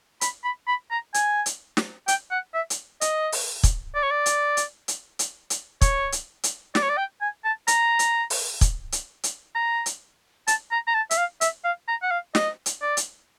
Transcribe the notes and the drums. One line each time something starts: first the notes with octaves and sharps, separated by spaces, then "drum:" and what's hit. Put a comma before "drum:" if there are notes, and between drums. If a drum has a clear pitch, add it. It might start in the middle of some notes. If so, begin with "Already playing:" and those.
B5, drum: hi-hat
B5
B5
A#5
G#5, drum: hi-hat
drum: hi-hat
drum: snare
G5, drum: hi-hat
F#5
E5
drum: hi-hat
D#5, drum: hi-hat
drum: open hi-hat
drum: kick, hi-hat
D5
C#5
D5
drum: hi-hat
drum: hi-hat
drum: hi-hat
drum: hi-hat
drum: hi-hat
C#5, drum: kick, hi-hat
drum: hi-hat
drum: hi-hat
D5, drum: snare
C#5
D5
G5
G#5
A5
A#5, drum: hi-hat
drum: hi-hat
drum: open hi-hat
drum: kick, hi-hat
drum: hi-hat
drum: hi-hat
A#5
drum: hi-hat
A5, drum: hi-hat
A#5
A#5
A5
E5, drum: hi-hat
F5
E5, drum: hi-hat
F5
A#5
F#5
F5
D#5, drum: snare
drum: hi-hat
D5
drum: hi-hat